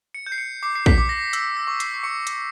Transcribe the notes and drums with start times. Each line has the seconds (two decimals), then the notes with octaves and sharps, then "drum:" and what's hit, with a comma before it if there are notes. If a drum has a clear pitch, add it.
0.14 C#7
0.26 G6
0.32 C7
0.38 C#7
0.63 D6 C7
0.75 C7
0.86 B6, drum: kick
0.98 D6
1.09 A#6
1.33 E6, drum: hi-hat
1.57 A#6
1.67 C#6
1.80 C7, drum: hi-hat
1.94 C7
2.03 C#6 C#7
2.27 drum: hi-hat